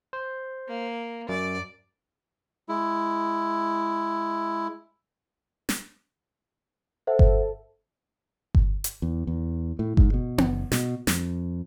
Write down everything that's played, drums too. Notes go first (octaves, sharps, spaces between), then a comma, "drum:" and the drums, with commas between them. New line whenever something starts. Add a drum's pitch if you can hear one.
C5
A#3
F#2 D5
G#3 E4
drum: snare
A4 C5 E5 F#5
drum: kick G1
drum: kick G1
drum: hi-hat
E2
E2
A2
G#2, drum: kick G1
B2
F#1, drum: tom B3
B2, drum: snare
F2, drum: snare